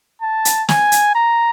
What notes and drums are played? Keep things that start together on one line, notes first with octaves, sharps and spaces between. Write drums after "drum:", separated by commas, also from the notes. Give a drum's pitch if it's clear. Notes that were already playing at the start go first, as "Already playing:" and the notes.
A5
drum: hi-hat
G#5, drum: snare
drum: hi-hat
A#5